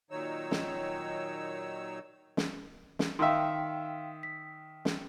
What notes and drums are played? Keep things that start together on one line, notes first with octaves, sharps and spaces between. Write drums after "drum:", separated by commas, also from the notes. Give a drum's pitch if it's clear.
A#2 D#3 F#3 D#4 C#5 E6
drum: snare
drum: snare
drum: snare
D#3 E5 F5 G5 C6
B6
drum: snare